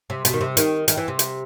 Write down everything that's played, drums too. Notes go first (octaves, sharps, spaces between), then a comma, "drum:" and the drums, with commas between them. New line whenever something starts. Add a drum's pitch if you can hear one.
C3
B2, drum: hi-hat
D#3
C3
D#3, drum: hi-hat
D#3, drum: hi-hat
E3
C3
drum: hi-hat